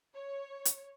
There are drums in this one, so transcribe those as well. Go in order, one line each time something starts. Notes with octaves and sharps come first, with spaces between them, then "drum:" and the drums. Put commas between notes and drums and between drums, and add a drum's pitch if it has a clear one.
C#5
drum: hi-hat